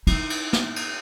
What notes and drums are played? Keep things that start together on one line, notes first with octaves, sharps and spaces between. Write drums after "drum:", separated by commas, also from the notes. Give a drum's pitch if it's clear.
D#4 E4, drum: cymbal
drum: cymbal
drum: snare
drum: cymbal